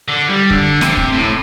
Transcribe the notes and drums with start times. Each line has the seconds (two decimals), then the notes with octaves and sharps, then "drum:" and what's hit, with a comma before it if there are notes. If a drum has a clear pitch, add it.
0.08 D3
0.29 G3
0.50 D3, drum: kick
0.81 C3, drum: snare
0.97 drum: kick
1.12 A2